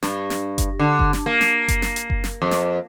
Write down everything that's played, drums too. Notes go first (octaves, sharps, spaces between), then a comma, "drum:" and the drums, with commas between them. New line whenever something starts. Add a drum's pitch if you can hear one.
G2, drum: snare
drum: snare
drum: kick F#1, hi-hat
D3
drum: kick F#1
drum: snare
A#3
drum: snare
drum: kick F#1, hi-hat
drum: snare
drum: hi-hat
drum: kick F#1
drum: snare
F2
drum: snare